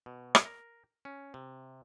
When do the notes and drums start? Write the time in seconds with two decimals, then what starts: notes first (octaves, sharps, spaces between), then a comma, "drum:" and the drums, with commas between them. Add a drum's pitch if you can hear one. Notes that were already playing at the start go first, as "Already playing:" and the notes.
0.06 B2
0.35 drum: rim click
0.46 A#4
1.05 C#4
1.34 C3